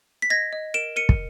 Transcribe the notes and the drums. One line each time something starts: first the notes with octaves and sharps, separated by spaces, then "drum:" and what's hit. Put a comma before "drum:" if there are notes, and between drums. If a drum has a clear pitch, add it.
B6
D#5 G#6 A#6
D#5
A#4 D7 E7
A#4 C#7 D#7
drum: kick